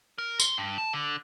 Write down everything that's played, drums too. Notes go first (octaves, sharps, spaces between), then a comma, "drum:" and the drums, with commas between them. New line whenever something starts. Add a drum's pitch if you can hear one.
A#4
C6, drum: tambourine
G2
A5
D3